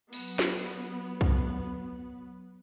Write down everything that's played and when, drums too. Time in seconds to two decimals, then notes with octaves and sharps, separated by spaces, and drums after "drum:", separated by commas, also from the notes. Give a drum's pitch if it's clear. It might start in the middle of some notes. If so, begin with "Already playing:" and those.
0.13 F#3 B3, drum: cymbal
0.39 drum: snare
1.21 drum: kick B1